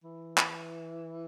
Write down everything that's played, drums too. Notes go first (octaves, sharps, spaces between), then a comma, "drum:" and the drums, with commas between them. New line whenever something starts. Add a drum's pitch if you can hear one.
E3
drum: clap